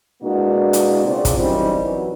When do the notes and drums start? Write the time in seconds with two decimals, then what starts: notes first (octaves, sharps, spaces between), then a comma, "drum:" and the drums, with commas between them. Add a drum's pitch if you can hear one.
0.22 B2 G#3 A#3 D4 E4 F#4
0.73 drum: hi-hat
1.04 C#3 C4 F4 D5
1.25 drum: kick, hi-hat
1.39 F#2 E3 G3 C4 C#4 D#4
1.83 E3 F#3